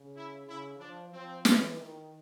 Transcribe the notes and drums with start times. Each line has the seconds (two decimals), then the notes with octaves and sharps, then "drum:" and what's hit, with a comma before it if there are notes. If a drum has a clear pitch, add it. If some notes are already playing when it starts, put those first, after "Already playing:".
Already playing: C#3
0.15 E4
0.47 C#3 E4
0.80 F3 D4
1.13 F3 C4
1.45 E3, drum: snare
1.77 D#3